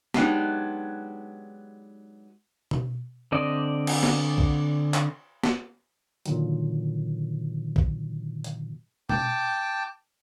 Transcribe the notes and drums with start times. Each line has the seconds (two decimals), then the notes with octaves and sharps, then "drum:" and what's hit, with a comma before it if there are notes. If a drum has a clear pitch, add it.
0.14 F#3 G#3 B3 D4 D#4 G4, drum: snare
2.71 drum: tom B2
3.32 D3 C4 D5 D#5
3.87 drum: cymbal
4.03 drum: snare
4.38 drum: kick
4.94 drum: clap
5.43 drum: snare
6.26 A#2 D3 D#3 F#3, drum: hi-hat
7.76 drum: kick
8.44 drum: hi-hat
9.09 G5 A5 D6, drum: tom B2